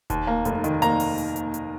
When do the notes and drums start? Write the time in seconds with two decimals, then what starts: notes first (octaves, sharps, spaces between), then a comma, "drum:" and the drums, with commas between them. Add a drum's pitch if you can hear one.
0.10 D#2, drum: kick E1, hi-hat
0.27 A#3
0.45 F1, drum: hi-hat
0.64 D#3, drum: hi-hat
0.82 A#3 A#5, drum: hi-hat
1.00 drum: open hi-hat
1.18 drum: hi-hat
1.36 drum: hi-hat
1.54 drum: hi-hat